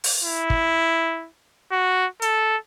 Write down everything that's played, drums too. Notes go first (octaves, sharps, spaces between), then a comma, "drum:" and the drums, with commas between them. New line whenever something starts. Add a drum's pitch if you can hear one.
drum: open hi-hat
E4
drum: kick
F#4
A4, drum: hi-hat